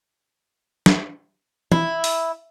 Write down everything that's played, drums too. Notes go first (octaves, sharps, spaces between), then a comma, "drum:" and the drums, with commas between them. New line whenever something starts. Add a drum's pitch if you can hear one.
drum: snare
E4, drum: tom
drum: open hi-hat